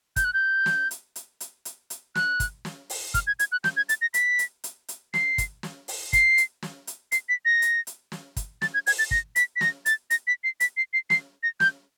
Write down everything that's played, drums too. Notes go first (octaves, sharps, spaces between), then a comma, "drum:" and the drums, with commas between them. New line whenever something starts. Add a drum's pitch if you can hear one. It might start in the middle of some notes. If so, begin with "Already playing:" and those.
G6, drum: kick, hi-hat
F#6
G6
drum: snare
drum: hi-hat
drum: hi-hat
drum: hi-hat
drum: hi-hat
drum: hi-hat
F#6, drum: snare
drum: kick, hi-hat
drum: snare
drum: open hi-hat
F6, drum: kick, hi-hat
G#6
G#6, drum: hi-hat
F#6
G6, drum: snare
G#6
A6, drum: hi-hat
A#6
B6, drum: hi-hat
drum: hi-hat
drum: hi-hat
drum: hi-hat
C7, drum: snare
drum: kick, hi-hat
drum: snare
drum: open hi-hat
C7, drum: kick, hi-hat
drum: hi-hat
drum: snare
drum: hi-hat
C7, drum: hi-hat
B6
A#6
drum: hi-hat
drum: hi-hat
drum: snare
drum: kick, hi-hat
A6, drum: snare
G#6
G#6, drum: open hi-hat
A6
A#6, drum: kick
B6, drum: hi-hat
B6
A#6, drum: snare
A6, drum: hi-hat
A#6, drum: hi-hat
B6
C7
B6, drum: hi-hat
C7
C7
C7, drum: snare
A#6
G6, drum: snare